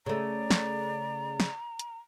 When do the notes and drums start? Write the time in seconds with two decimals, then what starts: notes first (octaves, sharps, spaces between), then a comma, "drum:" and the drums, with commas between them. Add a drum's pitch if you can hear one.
0.06 C#3 A3 D5 A#5
0.51 drum: snare
1.40 drum: snare
1.79 drum: hi-hat